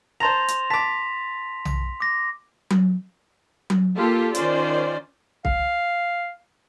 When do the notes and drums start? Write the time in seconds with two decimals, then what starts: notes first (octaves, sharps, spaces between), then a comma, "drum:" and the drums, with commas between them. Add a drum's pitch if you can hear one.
0.20 C5 A5 A#5 C6 A#6 F7
0.48 drum: hi-hat
0.70 A5 D6 B6
1.65 drum: tom B1
2.00 D6 A#6
2.70 drum: tom F#3
3.70 drum: tom F#3
3.96 A#3 F4 G4 A4
4.35 D#3 C#4 F4 C5 D5, drum: hi-hat
5.45 F5, drum: kick